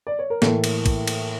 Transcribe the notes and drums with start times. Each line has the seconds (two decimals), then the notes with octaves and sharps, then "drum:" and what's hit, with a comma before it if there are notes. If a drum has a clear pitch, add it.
0.07 D5
0.19 C#5
0.30 A#4
0.42 A2 E3 A#3 A4, drum: snare
0.64 drum: cymbal
0.86 drum: kick, cymbal
1.08 drum: cymbal